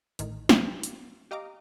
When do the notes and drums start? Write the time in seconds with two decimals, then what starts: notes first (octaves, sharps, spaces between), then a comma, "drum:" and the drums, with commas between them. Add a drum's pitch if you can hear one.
0.19 A1 A2 D#3, drum: hi-hat
0.49 C3 F3 F#3 G#3 B3 C4, drum: snare
0.83 drum: hi-hat
1.31 G4 D#5 F5 A#5 D6